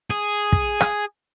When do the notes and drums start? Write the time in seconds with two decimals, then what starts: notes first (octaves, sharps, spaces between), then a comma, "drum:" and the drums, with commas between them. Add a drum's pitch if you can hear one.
0.10 G#4
0.52 drum: kick
0.80 drum: rim click